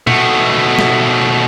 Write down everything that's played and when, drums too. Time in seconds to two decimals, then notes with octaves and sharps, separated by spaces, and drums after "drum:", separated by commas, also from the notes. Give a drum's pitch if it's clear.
0.07 B2 A3, drum: tom
0.79 drum: snare